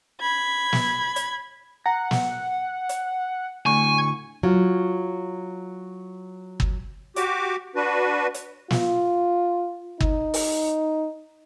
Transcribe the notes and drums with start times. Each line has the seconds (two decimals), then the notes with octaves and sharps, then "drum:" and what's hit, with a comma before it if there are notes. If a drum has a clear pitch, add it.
0.21 B5 G#6
0.73 drum: snare
1.16 drum: hi-hat
1.86 F#5 A#5
2.11 drum: snare
2.89 drum: hi-hat
3.66 D2 A2 D3 G#5 C#6
4.43 F#3 F4
6.60 drum: kick
7.16 F#4 G4 D6, drum: hi-hat
7.76 D4 F#4 B4
8.34 drum: hi-hat
8.70 F4, drum: snare
10.00 D#4, drum: kick
10.34 drum: open hi-hat